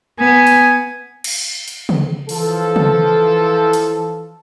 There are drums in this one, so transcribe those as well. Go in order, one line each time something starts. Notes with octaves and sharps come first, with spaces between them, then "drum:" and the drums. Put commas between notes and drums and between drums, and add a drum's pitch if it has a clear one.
B3 G#5
drum: hi-hat
drum: cymbal
drum: hi-hat
drum: tom C#3
E3 F3 A4, drum: open hi-hat
drum: tom C#3
drum: hi-hat